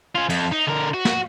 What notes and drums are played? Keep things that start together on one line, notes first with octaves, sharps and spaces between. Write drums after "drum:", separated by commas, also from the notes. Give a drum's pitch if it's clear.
C#4 F4
F2, drum: cymbal
D#4
D3 A#4
F#4
drum: snare